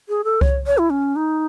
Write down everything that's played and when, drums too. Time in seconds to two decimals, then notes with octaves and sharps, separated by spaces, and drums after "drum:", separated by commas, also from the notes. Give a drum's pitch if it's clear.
0.09 G#4
0.24 A4
0.41 C#5, drum: kick C2
0.67 C#5
0.78 E4
0.90 C#4
1.16 D#4